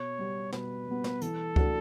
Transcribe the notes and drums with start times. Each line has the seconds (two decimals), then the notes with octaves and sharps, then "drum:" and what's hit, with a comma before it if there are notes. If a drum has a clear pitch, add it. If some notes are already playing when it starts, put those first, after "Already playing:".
Already playing: B2 C#5
0.18 G3 B3
0.53 B2 B4, drum: snare
0.87 G3 B3
1.04 drum: snare
1.22 E3 A4, drum: hi-hat
1.56 A3 D4 F#4, drum: kick C#2